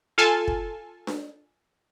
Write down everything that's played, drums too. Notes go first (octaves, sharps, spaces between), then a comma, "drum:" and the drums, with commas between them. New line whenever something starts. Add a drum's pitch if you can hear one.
F4 A4 G#5 A5
drum: kick
drum: snare D4